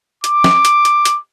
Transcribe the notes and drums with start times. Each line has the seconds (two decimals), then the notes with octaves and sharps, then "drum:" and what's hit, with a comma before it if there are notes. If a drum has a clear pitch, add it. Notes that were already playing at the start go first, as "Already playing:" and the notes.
0.24 D6, drum: hi-hat
0.44 drum: snare
0.65 drum: hi-hat
0.85 drum: hi-hat
1.05 drum: hi-hat